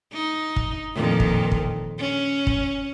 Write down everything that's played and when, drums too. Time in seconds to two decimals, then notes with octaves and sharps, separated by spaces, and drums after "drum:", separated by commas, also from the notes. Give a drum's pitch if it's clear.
0.13 D#4
0.56 drum: kick
0.95 F2 A#2 D#3
1.20 drum: kick
1.52 drum: kick
1.99 C#4
2.47 drum: kick